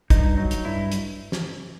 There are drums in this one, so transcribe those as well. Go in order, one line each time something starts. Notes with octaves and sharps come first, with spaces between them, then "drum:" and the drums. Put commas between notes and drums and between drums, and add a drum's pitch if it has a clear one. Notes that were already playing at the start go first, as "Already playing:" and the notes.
G2 D#4, drum: kick, hi-hat
F#3 D#4
drum: hi-hat
G2 E4
drum: hi-hat
drum: snare